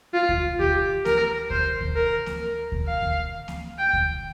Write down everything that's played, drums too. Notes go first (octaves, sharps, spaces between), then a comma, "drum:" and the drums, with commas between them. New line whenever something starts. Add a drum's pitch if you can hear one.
F4
drum: kick D2
G4, drum: kick D2
A#4, drum: snare A#3
C5, drum: kick D2
drum: kick D2
A#4
drum: snare A#3
A#4
drum: kick D2
F5
drum: kick D2
drum: snare A#3
G5
drum: kick D2